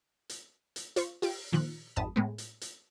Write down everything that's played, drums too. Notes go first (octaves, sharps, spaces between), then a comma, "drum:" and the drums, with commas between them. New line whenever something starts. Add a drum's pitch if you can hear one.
drum: hi-hat
drum: hi-hat
F4 C5 C#6, drum: hi-hat
F4 G4 D7, drum: open hi-hat
A#2 D#3 F3 F#6
G#1 F2 A5 B5 D#6 E7
A2 G#3 B3
drum: hi-hat
drum: hi-hat